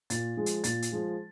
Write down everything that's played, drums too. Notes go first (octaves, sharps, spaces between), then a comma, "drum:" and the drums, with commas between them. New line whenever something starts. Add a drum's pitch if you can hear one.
A#2 A6, drum: hi-hat
F3 G#3
drum: hi-hat
A#2 A6, drum: hi-hat
drum: hi-hat
F3 G#3